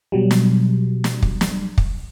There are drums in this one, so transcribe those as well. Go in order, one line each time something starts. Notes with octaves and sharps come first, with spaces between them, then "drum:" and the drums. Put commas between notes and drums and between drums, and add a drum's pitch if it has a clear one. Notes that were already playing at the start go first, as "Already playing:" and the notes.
B2 F#3 G3
drum: snare
drum: snare
drum: kick
drum: snare
drum: kick